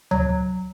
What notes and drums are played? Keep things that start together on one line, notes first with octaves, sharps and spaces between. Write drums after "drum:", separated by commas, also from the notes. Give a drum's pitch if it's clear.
F#3, drum: tom C#2